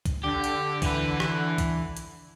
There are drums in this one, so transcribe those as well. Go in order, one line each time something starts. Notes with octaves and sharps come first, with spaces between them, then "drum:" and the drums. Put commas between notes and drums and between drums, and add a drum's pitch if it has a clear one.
drum: kick B1, hi-hat
D3 G4
drum: hi-hat
E3 B4, drum: kick B1, open hi-hat
drum: rim click
drum: kick B1, hi-hat
drum: hi-hat